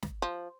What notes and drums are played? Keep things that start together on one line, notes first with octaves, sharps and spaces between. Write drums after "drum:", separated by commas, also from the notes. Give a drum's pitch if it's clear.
drum: snare
F3